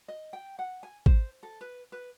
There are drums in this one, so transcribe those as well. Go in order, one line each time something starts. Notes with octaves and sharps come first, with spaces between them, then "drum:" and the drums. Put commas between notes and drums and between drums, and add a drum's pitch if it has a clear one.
D#5
G5
F#5
G#5
C5, drum: kick G#1
A4
B4
B4